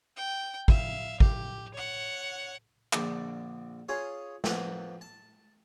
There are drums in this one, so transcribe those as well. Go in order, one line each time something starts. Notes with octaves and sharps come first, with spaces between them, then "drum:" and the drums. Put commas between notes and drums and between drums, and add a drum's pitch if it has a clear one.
G5
E5 F5, drum: kick
G4, drum: kick
C#5 F#5
A#1 D3 D5, drum: clap
C#4 F4 G#4 C#5 F5
F2 A#3 B4 F#5, drum: snare
A5